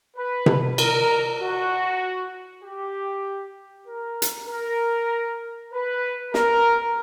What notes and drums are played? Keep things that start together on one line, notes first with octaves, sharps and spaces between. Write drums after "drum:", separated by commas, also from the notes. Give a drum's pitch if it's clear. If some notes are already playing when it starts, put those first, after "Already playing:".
B4
drum: tom C3
A#4, drum: cymbal
F#4
G4
A#4
drum: hi-hat
A#4
B4
A#4, drum: snare